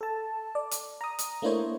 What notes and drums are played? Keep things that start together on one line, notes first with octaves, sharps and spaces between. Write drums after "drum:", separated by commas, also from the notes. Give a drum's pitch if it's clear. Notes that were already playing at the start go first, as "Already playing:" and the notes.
A4 A5
D5
drum: hi-hat
A#5 D#6
drum: hi-hat
A3 A#3 D4 E4 C5 C#5